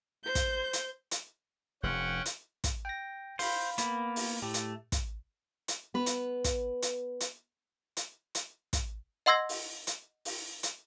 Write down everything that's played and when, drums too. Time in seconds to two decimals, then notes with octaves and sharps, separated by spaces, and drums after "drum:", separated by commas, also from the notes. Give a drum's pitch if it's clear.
0.24 C5 G6
0.35 drum: kick, hi-hat
0.73 drum: hi-hat
1.11 drum: hi-hat
1.83 F1 C#4 F#5 G5
2.26 drum: hi-hat
2.64 drum: kick, hi-hat
2.85 G5 A#6
3.39 C5 F5 B5, drum: open hi-hat
3.78 A#3 B3 B5, drum: hi-hat
4.16 drum: open hi-hat
4.42 A2 A3 G4
4.54 drum: hi-hat
4.92 drum: kick, hi-hat
5.68 drum: hi-hat
5.94 B3 B4
6.06 drum: hi-hat
6.44 drum: kick, hi-hat
6.83 drum: hi-hat
7.21 drum: hi-hat
7.97 drum: hi-hat
8.35 drum: hi-hat
8.73 drum: kick, hi-hat
9.26 D#5 F#5 C6 E6 G#6 A#6
9.49 drum: open hi-hat
9.87 drum: hi-hat
10.25 drum: open hi-hat
10.63 drum: hi-hat